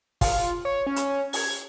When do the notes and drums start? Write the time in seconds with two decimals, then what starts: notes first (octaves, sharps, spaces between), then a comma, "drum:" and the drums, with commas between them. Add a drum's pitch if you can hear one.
0.21 F4, drum: kick, open hi-hat
0.65 C#5
0.87 C#4
0.96 drum: hi-hat
1.33 G#6, drum: open hi-hat